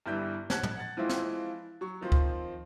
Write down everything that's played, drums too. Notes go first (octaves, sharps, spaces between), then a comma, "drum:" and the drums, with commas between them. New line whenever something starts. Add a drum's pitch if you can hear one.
G1 G2 E3 G3 E5 G6
F#5 A5 F#6 G#6, drum: snare
drum: tom
F#5 A6
E3 F3 G#3 C4 E4 F4
drum: snare
F#3 C#6
D#3 F3 C4
drum: kick C#2